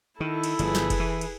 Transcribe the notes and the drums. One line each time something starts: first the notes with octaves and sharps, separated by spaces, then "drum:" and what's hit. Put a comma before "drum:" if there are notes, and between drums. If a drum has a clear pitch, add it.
D#3 E4 A4
drum: cymbal
G1 F3 G#4 B4, drum: cymbal
drum: snare
drum: kick F1, cymbal
E3
drum: cymbal